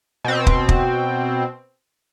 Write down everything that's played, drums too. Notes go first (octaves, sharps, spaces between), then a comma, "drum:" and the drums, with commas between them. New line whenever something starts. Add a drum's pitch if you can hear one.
B2 C4
drum: kick
drum: kick